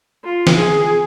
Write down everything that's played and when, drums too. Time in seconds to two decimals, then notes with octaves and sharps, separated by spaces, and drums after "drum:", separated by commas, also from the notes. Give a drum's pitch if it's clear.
0.25 F4
0.47 drum: snare
0.57 G#4